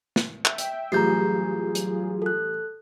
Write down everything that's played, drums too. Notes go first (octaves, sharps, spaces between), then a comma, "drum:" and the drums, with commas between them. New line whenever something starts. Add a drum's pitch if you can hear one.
drum: snare
E5 G5, drum: clap
drum: hi-hat
A1 F#3 G3 F4 G#4 A#5 G6 C7
drum: hi-hat
A4 F#6